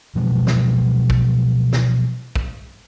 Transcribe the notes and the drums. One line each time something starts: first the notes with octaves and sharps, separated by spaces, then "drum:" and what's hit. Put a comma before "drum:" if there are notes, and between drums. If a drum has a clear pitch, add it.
B2 F3 F#3 G#3
drum: snare
drum: kick
drum: snare
drum: kick